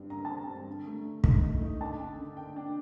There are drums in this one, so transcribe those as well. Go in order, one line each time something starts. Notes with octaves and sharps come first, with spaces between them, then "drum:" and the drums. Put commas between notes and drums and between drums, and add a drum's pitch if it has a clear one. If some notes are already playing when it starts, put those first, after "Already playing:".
Already playing: G2 D3 C4
D3 A#5
C4 A5
A#5
G2
D3
A3
D3
D#4, drum: kick
A3
D#4
D4 A5
D3
D3
D3 G5
D4